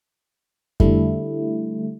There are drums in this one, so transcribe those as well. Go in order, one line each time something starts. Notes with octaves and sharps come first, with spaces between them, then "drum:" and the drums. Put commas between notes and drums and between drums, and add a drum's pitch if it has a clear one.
D3 G3 A3 E4, drum: kick F2